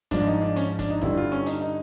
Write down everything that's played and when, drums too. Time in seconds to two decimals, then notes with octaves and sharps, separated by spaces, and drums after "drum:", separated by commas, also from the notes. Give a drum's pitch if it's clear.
0.11 G#2 F3 G#3 D4, drum: kick, hi-hat
0.27 D#4
0.42 D4
0.56 C#4, drum: hi-hat
0.79 D4, drum: kick, hi-hat
0.90 D#4
1.01 G2 D3 G3 E4, drum: kick
1.17 F4
1.32 C#4
1.46 D#4, drum: hi-hat
1.61 D#4